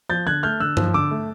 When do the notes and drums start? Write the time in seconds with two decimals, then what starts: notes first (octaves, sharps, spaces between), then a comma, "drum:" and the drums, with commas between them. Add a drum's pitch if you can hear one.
0.09 F3 G6 A6
0.26 D3 F#6 G#6
0.43 A3 F6 G6
0.60 D3 E6 F#6
0.77 F3, drum: tom G2
0.94 D3 D6 E6
1.11 A3